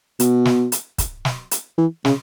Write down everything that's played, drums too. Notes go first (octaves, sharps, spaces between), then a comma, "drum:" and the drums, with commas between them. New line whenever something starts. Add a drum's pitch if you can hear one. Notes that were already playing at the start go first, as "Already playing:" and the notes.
B2, drum: hi-hat
drum: snare
drum: hi-hat
drum: kick, hi-hat
drum: snare
drum: hi-hat
E3
C#3, drum: snare